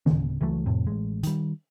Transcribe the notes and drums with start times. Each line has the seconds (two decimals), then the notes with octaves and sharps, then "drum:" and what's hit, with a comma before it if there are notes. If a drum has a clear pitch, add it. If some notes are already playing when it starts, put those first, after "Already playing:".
0.06 D1 C#3, drum: tom D#3
0.41 C#2 E3 F#3 A3
0.66 F2 A2 C3
0.87 A1 G#3
1.23 D#3 G3, drum: hi-hat